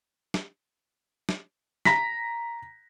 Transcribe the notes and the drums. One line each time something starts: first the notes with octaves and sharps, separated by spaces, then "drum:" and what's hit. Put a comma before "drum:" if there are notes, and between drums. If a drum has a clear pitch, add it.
drum: snare
drum: snare
A#5 A#6 B6, drum: snare